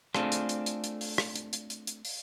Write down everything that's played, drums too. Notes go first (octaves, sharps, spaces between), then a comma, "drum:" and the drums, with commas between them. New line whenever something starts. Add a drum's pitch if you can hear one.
A3 C4 D4 F4 G#4 A4, drum: rim click
drum: hi-hat
drum: hi-hat
drum: hi-hat
drum: hi-hat
drum: open hi-hat
drum: rim click
drum: hi-hat
drum: hi-hat
drum: hi-hat
drum: hi-hat
drum: open hi-hat